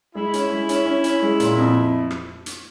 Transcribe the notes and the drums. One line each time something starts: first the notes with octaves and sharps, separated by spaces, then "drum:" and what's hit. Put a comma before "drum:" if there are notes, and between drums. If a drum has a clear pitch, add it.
G#3 E4
C#4, drum: hi-hat
G#3
C#4, drum: hi-hat
C#4
C#4, drum: hi-hat
G#3
A#2, drum: hi-hat
F2
drum: rim click
drum: hi-hat